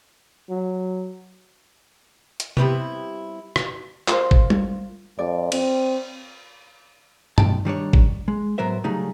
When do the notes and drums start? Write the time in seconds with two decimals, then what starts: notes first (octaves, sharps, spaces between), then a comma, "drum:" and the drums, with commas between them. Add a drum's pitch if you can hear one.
0.50 F#3
2.40 drum: hi-hat
2.57 G3 B3 C4 E4 G4 B4, drum: tom
3.56 drum: rim click
4.08 F4 A#4 C5, drum: clap
4.31 drum: kick
4.50 drum: tom
5.19 F2 D5
5.52 C4, drum: cymbal
7.38 B1 E2 G5 A5, drum: tom G2
7.65 D#3 G3 D4 C#5
7.93 drum: kick
8.28 G#3
8.58 A2 F#3 B3 A#4 C5 E5
8.84 C#3 F#3 G3 A3 D#4 G#4